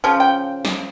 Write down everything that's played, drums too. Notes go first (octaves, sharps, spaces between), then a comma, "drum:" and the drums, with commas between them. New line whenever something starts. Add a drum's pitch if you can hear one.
C#3 F3
G5
drum: snare